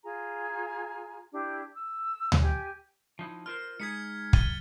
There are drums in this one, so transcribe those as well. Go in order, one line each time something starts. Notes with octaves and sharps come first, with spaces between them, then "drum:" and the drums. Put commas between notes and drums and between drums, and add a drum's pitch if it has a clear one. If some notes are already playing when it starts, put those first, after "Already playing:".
F4 G#4 G#5 A#5
D4 E4 G4
E6
drum: tom D2
G4 G#5
F3 D#4 E4
F4 A#4 C5 F6
G#3 D#4 G#4 G#6 B6 C#7
A6 D#7 G7, drum: kick